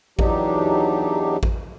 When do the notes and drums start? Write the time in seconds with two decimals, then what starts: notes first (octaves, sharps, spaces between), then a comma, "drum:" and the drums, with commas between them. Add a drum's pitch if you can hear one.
0.19 E2 F#3 D4 D#4 G4, drum: kick A1
1.43 drum: kick A1